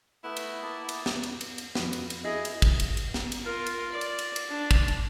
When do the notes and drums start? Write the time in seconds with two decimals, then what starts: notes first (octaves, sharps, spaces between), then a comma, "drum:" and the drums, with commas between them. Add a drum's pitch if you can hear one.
0.24 A3 B3 E4 B4
0.37 drum: cymbal
0.63 A#3 B3 A5
0.89 drum: cymbal
1.06 drum: snare
1.23 drum: cymbal
1.41 drum: cymbal
1.58 drum: cymbal
1.75 F2 F#4 B4, drum: snare
1.93 drum: cymbal
2.10 drum: cymbal
2.24 E4 G#4 D#5
2.45 drum: cymbal
2.62 drum: kick, cymbal
2.80 drum: cymbal
2.97 drum: cymbal
3.14 drum: snare
3.32 drum: cymbal
3.44 F4 A#4
3.66 drum: cymbal
3.92 D5
4.01 drum: cymbal
4.19 drum: cymbal
4.36 drum: cymbal
4.49 D4
4.71 drum: kick, cymbal
4.88 drum: cymbal